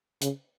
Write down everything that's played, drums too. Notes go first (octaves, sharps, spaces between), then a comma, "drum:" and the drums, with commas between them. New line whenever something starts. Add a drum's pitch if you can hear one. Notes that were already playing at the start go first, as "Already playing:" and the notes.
C#3, drum: hi-hat